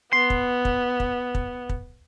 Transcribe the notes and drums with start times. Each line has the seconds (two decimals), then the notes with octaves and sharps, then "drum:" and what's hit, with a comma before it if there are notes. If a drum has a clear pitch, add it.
0.13 B3 C6
0.30 drum: kick
0.65 drum: kick
1.00 drum: kick
1.35 drum: kick
1.69 drum: kick